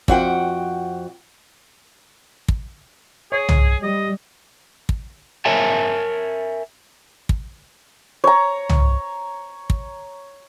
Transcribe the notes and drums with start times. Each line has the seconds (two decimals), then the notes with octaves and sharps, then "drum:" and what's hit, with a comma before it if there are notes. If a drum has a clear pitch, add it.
0.08 F2 F#4 F#5 G5, drum: kick
2.48 drum: kick
3.32 G#4 C#5
3.49 drum: tom C2
3.83 G3 D#5
4.89 drum: kick
5.45 A#4 C#5 E5 G#5 A5
7.29 drum: kick
8.24 C#5 A#5
8.69 drum: tom C2
9.70 drum: kick